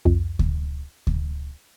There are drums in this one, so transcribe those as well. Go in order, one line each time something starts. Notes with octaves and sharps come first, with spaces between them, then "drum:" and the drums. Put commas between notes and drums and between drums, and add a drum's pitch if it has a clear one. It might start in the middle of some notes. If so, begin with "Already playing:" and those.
C2 F2
drum: kick D2
drum: kick D2